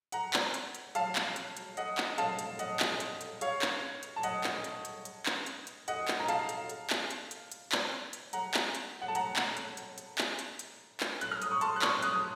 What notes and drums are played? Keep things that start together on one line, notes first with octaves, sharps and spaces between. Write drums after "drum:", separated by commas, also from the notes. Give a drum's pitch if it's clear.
F#5 A#5, drum: hi-hat
drum: clap
drum: hi-hat
drum: hi-hat
F5 A5, drum: hi-hat
drum: clap
drum: hi-hat
drum: hi-hat
D#5 F#5, drum: hi-hat
drum: clap
F5 A5, drum: hi-hat
drum: hi-hat
D#5 F#5, drum: hi-hat
drum: clap
drum: hi-hat
drum: hi-hat
C#5 F5, drum: hi-hat
drum: clap
drum: hi-hat
A5
D#5 F#5, drum: hi-hat
drum: clap
drum: hi-hat
drum: hi-hat
drum: hi-hat
drum: clap
drum: hi-hat
drum: hi-hat
D#5 F#5, drum: hi-hat
drum: clap
A#5
F5 A5, drum: hi-hat
drum: hi-hat
drum: hi-hat
drum: clap
drum: hi-hat
drum: hi-hat
drum: hi-hat
drum: clap
drum: hi-hat
F#5 A#5, drum: hi-hat
drum: clap
drum: hi-hat
F#5
A5
F#5 A#5, drum: hi-hat
drum: clap
drum: hi-hat
drum: hi-hat
drum: hi-hat
drum: clap
drum: hi-hat
drum: hi-hat
drum: clap
F#6, drum: hi-hat
F6
D#6, drum: hi-hat
C#6
A5 C6, drum: hi-hat
F#6
C#6 F6, drum: clap
D#6 F#6, drum: hi-hat